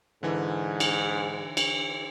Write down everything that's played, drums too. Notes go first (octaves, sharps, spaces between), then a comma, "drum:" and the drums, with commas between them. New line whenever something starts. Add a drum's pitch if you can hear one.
G#2 D3 E3
drum: cymbal
drum: cymbal